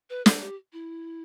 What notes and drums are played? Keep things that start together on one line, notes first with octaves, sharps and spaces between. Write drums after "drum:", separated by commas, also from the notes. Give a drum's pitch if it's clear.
B4
A4, drum: snare
G4
E4